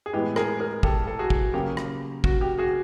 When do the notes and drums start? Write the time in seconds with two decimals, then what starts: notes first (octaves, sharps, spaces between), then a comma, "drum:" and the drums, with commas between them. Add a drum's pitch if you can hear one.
0.06 G#4
0.13 A2 E3 G#3 B3 G4
0.36 G#4 A#4, drum: rim click
0.60 G#4 A#4
0.83 G4 A4, drum: kick
1.07 A4
1.19 F#4 G#4
1.30 drum: kick
1.54 C#3 F#3 A#3 G4
1.77 drum: rim click
2.24 F#4, drum: kick
2.41 G4
2.59 F#4 G#4